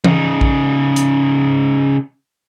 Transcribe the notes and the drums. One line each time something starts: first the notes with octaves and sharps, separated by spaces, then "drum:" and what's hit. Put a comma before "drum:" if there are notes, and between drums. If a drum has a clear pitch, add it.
C#3 D#4, drum: tom E3
drum: kick A#1
drum: hi-hat